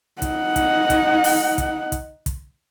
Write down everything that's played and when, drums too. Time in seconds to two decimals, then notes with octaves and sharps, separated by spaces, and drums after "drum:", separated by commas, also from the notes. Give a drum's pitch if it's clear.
0.22 D#4 F#5, drum: kick, hi-hat
0.56 drum: kick, hi-hat
0.90 drum: kick, hi-hat
1.24 drum: open hi-hat
1.58 drum: kick, hi-hat
1.92 drum: kick, hi-hat
2.26 drum: kick, hi-hat